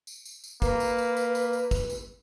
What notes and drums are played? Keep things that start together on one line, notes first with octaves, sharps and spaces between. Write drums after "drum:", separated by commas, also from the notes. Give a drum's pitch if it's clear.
drum: tambourine
drum: tambourine
drum: tambourine
A#3 B4, drum: kick, tambourine
drum: tambourine
drum: tambourine
drum: tambourine
drum: tambourine
drum: tambourine
drum: kick, tambourine
drum: tambourine